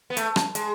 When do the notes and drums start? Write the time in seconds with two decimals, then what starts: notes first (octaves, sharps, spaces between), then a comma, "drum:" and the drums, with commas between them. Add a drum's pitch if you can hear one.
0.10 B3
0.17 A3, drum: hi-hat
0.36 drum: rim click
0.55 G#3, drum: hi-hat